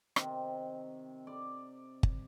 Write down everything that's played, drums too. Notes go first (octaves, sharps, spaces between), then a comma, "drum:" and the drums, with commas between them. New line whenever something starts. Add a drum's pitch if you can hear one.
C3 D#3, drum: rim click
D5
drum: kick G1